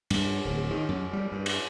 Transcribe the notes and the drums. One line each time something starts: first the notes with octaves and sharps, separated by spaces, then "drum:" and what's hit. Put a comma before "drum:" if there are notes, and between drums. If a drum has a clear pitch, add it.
G2, drum: cymbal
D1
D#3
F#2
G3
G2
drum: cymbal